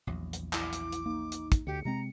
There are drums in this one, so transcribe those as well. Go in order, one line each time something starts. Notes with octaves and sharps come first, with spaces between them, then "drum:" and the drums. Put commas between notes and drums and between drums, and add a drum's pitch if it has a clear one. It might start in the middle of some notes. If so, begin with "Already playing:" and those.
A#1 E2 F#3
drum: hi-hat
E4 D6, drum: clap
drum: hi-hat
drum: hi-hat
A#3 D#4
drum: hi-hat
drum: kick, hi-hat
D2 G4 C#7
C3 G#3 C4 A#5